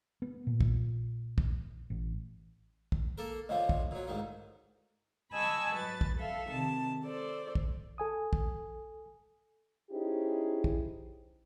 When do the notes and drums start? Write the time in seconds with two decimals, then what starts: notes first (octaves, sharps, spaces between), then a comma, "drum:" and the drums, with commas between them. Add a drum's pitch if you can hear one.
0.22 B3
0.47 A#2
0.60 drum: kick
1.38 drum: kick
1.90 A1
2.92 drum: kick
3.18 A#3 A4 A#4
3.49 A2 D3 F3 D#5 F5
3.69 drum: kick
3.91 A#2 F#3
4.08 A1 G#2 D#3
5.32 D#5 G#5 A5 B5 C#6 E6
5.73 F#3 B4 A6
6.01 drum: kick
6.17 A4 E5 F5
6.48 C3 D#3 A5
7.05 A4 C5 D5
7.55 drum: kick
7.98 A4 G#5 D#6
8.33 drum: kick
9.91 C#4 D#4 E4 G4 G#4 C5
10.64 drum: kick